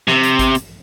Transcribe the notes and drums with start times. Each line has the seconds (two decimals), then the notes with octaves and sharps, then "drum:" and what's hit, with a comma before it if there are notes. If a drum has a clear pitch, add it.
0.08 C3, drum: snare
0.23 drum: hi-hat
0.39 drum: kick G#1, hi-hat
0.55 drum: hi-hat